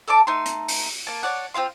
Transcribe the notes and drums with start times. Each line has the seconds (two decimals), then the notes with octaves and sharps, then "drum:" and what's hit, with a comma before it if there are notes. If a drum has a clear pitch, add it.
0.08 A4 D5 A5 D6
0.27 A3 D#4 C6
0.46 drum: hi-hat
0.68 drum: open hi-hat
1.07 A#3 A5
1.23 C#5 D5 F#5
1.54 C4 F4 F5 C6